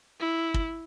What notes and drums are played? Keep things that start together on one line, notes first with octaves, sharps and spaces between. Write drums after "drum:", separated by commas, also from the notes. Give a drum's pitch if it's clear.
E4
drum: kick